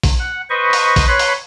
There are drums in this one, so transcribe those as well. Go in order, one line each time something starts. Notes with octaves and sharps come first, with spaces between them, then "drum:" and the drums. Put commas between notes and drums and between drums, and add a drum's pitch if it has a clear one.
drum: kick, open hi-hat
F#5
B4 C5 D#5 C#6
drum: open hi-hat
drum: kick, open hi-hat
B4 C#5 C6 F#6
drum: open hi-hat